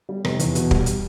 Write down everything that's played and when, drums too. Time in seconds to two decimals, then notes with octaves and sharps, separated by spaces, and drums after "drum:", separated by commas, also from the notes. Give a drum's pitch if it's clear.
0.09 G3
0.25 F1, drum: rim click
0.39 E2, drum: hi-hat
0.55 B2, drum: hi-hat
0.71 G3, drum: kick
0.86 drum: hi-hat